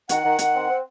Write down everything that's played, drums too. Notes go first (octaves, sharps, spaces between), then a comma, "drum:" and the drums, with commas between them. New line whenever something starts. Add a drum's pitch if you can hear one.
D#3 F#5, drum: hi-hat
D#3
D#3, drum: hi-hat
C4
C4